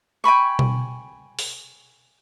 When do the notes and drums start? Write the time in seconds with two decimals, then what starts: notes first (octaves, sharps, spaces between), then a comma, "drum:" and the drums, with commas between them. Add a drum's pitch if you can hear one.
0.24 G5 G#5 B5 C#6
0.59 drum: tom B2
1.39 drum: open hi-hat